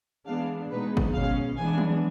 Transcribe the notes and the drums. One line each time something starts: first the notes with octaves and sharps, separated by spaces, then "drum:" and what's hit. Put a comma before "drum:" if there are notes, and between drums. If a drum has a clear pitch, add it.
E3 G#3 B3 D4 F5
B2 G#3 B3 D#4 B4
drum: kick G#1
B2 G#3 C#4 F5
E3 G#3 B3 D4 G#5
drum: tom